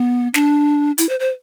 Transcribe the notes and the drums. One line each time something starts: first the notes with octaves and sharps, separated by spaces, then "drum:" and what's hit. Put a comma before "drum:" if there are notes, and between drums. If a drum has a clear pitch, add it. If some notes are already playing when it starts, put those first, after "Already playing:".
Already playing: B3
D4, drum: snare
E4, drum: hi-hat
C5
C5